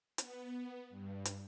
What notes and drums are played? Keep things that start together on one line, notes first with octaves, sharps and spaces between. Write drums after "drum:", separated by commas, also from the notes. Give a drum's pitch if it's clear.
B3, drum: hi-hat
G2
drum: hi-hat